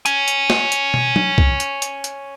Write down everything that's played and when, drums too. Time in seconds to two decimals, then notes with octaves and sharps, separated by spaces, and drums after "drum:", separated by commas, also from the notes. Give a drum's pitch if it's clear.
0.06 C#5 G#5, drum: hi-hat
0.28 drum: hi-hat
0.50 drum: snare
0.72 drum: hi-hat
0.94 drum: tom
1.16 drum: tom
1.38 drum: kick C2
1.60 drum: hi-hat
1.82 drum: hi-hat
2.04 drum: hi-hat